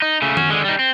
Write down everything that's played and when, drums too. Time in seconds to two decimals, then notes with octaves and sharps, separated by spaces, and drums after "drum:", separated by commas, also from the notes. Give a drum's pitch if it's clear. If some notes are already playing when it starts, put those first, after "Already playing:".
0.02 D#4
0.22 C#3 A3
0.37 C#4 F#4, drum: tom D#3
0.50 D3 G#3
0.65 G3 D#4
0.79 C4